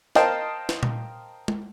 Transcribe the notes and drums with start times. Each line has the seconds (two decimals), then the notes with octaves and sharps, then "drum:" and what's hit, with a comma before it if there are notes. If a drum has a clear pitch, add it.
0.15 A#4 C5 D#5 F5 G5 A5, drum: snare
0.69 drum: snare
0.83 drum: tom A#2
1.48 drum: tom G#3